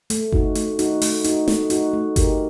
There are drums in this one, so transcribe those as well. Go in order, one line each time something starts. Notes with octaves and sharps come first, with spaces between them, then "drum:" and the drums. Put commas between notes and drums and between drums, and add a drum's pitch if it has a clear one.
A3, drum: hi-hat
D#4 F#4, drum: kick G1
A3, drum: hi-hat
D#4 F#4, drum: hi-hat
A3, drum: open hi-hat
D#4 F#4, drum: hi-hat
A3, drum: snare
D#4 F#4, drum: hi-hat
A3
D#4 G4 A#4, drum: kick G1, hi-hat